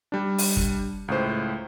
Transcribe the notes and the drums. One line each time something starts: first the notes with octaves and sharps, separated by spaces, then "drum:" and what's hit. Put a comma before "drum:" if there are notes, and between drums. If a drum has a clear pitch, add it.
G3 D4
drum: open hi-hat
drum: kick
C#2 A2 C5